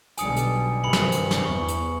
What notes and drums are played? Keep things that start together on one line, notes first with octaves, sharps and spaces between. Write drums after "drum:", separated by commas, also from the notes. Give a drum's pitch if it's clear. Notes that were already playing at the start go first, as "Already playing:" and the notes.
B1 D3 G3 G#5 D#6 C#7, drum: hi-hat
drum: hi-hat
G2 C3 D#3 B5 C#7 F#7
drum: snare
drum: hi-hat
drum: snare
E2 C#6
drum: hi-hat